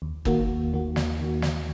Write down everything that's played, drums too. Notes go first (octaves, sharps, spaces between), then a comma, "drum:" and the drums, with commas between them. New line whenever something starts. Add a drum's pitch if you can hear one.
D#2
D#3 A#3 F#4, drum: kick
D#2
D#3 A#3 F#4
D#2, drum: snare
D#3 A#3 F#4
D#2, drum: snare